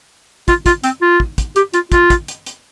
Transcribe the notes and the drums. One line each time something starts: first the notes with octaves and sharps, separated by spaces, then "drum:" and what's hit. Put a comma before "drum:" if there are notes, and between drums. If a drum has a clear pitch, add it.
F4, drum: kick, hi-hat
F4, drum: kick, hi-hat
C4, drum: hi-hat
F4
drum: kick
drum: kick, hi-hat
G4, drum: hi-hat
F4, drum: hi-hat
F4, drum: kick, hi-hat
drum: kick, hi-hat
drum: hi-hat
drum: hi-hat